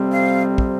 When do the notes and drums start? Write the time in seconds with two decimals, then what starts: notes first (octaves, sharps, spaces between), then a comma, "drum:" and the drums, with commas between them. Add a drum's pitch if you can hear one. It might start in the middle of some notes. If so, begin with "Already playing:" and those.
Already playing: F2 C3 G3 C4
0.14 F5
0.58 drum: kick